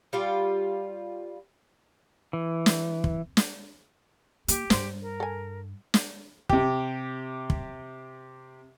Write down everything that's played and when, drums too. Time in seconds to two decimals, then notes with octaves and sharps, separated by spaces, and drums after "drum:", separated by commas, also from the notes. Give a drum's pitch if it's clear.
0.13 G3 F4 D5
2.33 E3
2.66 drum: snare
3.04 drum: kick
3.37 drum: snare
4.48 A#3 G4, drum: hi-hat
4.70 G2 C5, drum: snare
5.02 A#4
5.20 A4 G#5
5.94 drum: snare
6.49 C3 G4, drum: kick
7.50 drum: kick